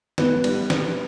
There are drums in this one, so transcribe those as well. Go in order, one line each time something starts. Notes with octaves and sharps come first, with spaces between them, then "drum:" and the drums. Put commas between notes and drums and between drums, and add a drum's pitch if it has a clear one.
G#1 B3 B4, drum: snare
G3, drum: cymbal
drum: snare